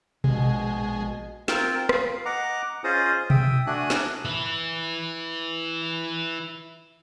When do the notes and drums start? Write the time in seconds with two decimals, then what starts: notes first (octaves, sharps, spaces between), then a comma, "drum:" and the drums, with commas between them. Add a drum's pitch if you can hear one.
0.24 A#1 B2 G#3, drum: tom B2
1.48 C4 F4 A#4 G5, drum: snare
1.89 F5, drum: rim click
2.25 D#5 F#5 A#5 D6
2.84 C#4 F4 G#4 C5 D#5 D#6
3.30 E5 G5 D#6, drum: tom B2
3.67 A3 D4 F#4 G#5 D#6 F#6
3.90 drum: snare
4.25 E4 B4